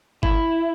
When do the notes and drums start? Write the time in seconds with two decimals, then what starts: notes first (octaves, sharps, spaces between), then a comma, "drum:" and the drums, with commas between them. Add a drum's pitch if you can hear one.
0.23 E4, drum: kick G1